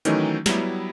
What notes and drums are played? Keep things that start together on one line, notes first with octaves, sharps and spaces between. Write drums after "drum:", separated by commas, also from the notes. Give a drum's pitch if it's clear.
D#3 E3 F#3 A3 C#4 D#4, drum: hi-hat
F#3 G3 B3 E4, drum: snare